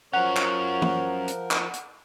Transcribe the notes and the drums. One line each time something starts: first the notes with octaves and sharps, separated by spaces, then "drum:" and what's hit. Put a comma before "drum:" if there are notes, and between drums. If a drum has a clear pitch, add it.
F3 F#3 C#4 A#4 C#5 F#5
drum: clap
drum: tom E3
drum: hi-hat
drum: clap
drum: hi-hat